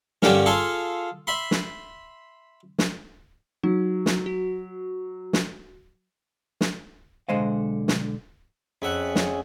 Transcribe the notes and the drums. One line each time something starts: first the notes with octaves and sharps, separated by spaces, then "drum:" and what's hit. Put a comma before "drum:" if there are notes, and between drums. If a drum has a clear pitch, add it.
G2 D3 G3 A#3 C#4, drum: snare
F4 G#4 A4 C6
E5 B5 C6
drum: snare
drum: snare
F#3 D#4
drum: snare
F#4
drum: snare
drum: snare
B1 D3 G#3 C5 D#5 F5
drum: snare
F2 C#4 G#4 E5 F#5
drum: snare